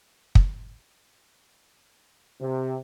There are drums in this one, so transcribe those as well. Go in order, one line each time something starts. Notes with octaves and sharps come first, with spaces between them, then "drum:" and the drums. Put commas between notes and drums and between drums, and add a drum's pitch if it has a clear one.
drum: kick
C3